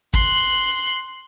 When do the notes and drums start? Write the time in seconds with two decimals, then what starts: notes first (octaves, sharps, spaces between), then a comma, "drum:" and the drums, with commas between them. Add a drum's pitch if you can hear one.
0.14 C6 F#6, drum: kick